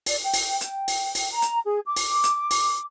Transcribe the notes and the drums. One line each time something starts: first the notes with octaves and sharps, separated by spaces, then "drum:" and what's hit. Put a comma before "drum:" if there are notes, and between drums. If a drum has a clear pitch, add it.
D5, drum: open hi-hat
G5
drum: open hi-hat
G5, drum: hi-hat
drum: open hi-hat
drum: open hi-hat
A#5
drum: hi-hat
G#4
D6
drum: open hi-hat
drum: hi-hat
drum: open hi-hat